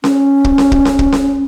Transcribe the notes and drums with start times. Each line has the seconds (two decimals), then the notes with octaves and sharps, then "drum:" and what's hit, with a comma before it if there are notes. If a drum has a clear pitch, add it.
0.04 C#4, drum: snare C#4
0.44 drum: kick
0.58 drum: snare C#4
0.72 drum: kick
0.85 drum: snare C#4
0.99 drum: kick
1.12 drum: snare C#4